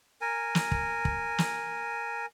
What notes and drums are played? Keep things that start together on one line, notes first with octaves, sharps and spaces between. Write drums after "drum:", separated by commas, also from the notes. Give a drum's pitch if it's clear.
A#4 G#5
drum: snare
drum: kick
drum: kick
drum: snare